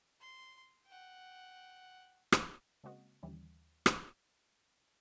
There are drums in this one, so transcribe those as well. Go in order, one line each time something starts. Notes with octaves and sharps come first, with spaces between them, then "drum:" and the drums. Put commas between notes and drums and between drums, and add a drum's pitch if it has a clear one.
C6
F#5 G5
drum: rim click
C#3 G#3 A#3 C4 F#4 D#5
D#2 D3 E3 G3 C#4
drum: rim click